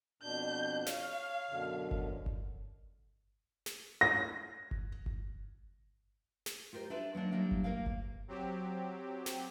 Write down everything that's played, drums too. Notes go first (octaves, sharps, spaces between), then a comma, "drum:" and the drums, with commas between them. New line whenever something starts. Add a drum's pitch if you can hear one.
F2 B2 D4 G6
C#5 F5, drum: snare
F#2 B2 D3
drum: kick G1
drum: kick G1
drum: snare
A#6
drum: kick G1
drum: kick G1
drum: snare
F4 G4 A#4 C5
D4 A4 B4 C5 D5 E5
F#3 A#3 D4 D5
F#3 G3 A#3 D4 E4
drum: kick G1
A#3 A#4 C#5 F5
drum: kick G1
F#3 C4 G4
drum: snare